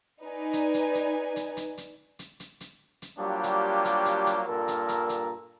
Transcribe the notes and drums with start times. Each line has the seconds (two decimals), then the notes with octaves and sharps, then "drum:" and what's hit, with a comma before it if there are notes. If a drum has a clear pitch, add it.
0.23 D#4 B4 D5 G#5
0.53 drum: hi-hat
0.74 drum: hi-hat
0.95 drum: hi-hat
1.36 drum: hi-hat
1.57 drum: hi-hat
1.78 drum: hi-hat
2.19 drum: hi-hat
2.40 drum: hi-hat
2.60 drum: hi-hat
3.02 drum: hi-hat
3.18 F#3 G3 A#3 D4 F4 G4
3.43 drum: hi-hat
3.85 drum: hi-hat
4.06 drum: hi-hat
4.26 drum: hi-hat
4.47 G2 A#2 A4 A#4
4.68 drum: hi-hat
4.89 drum: hi-hat
5.09 drum: hi-hat